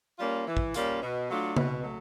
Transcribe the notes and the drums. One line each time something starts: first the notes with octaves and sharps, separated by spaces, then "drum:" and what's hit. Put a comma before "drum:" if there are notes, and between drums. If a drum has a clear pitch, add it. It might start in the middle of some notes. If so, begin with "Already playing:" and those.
G3 A#3 C#4 F4
E3
drum: kick
G3 A#3 C#4 F4, drum: hi-hat
B2
F#3 A3 D4 F4
B2, drum: tom C#3
F#3 A3